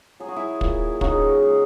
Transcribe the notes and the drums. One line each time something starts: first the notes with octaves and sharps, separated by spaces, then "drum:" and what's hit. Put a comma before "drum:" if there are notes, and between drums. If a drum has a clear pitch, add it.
F#3 G#4
F#4
E4 G#4
A#2, drum: kick
C#3 D#4 F#4, drum: kick
G#3